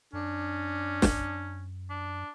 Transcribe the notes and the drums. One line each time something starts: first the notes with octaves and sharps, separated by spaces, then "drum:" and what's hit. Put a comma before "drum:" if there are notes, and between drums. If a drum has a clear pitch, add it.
F#2 C#4 D4
drum: snare
D4